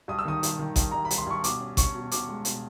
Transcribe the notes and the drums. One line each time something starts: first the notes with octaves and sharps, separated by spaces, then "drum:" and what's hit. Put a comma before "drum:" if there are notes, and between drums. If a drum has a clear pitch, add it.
G2 D#6
E6
D#3 D#6
G2, drum: hi-hat
D#3
G2, drum: kick G#1, hi-hat
G2 A#5
B5
G2, drum: hi-hat
C6
G2 C#6
B2 D6, drum: hi-hat
C#4
C#4 C#6, drum: kick G#1, hi-hat
B2
B2 D6, drum: hi-hat
G#3
B2, drum: hi-hat